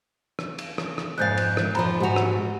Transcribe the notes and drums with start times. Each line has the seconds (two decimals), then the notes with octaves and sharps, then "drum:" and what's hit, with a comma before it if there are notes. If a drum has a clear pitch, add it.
0.39 drum: rim click
0.58 drum: cymbal
0.78 drum: rim click
0.98 drum: rim click
1.18 F2 G#2 F5 F#6 G6 A6
1.37 drum: cymbal
1.57 drum: rim click
1.75 F2 D#3 F3 A#5 B5, drum: cymbal
2.00 G#2 F#4 G4 F#5 F7
2.16 drum: rim click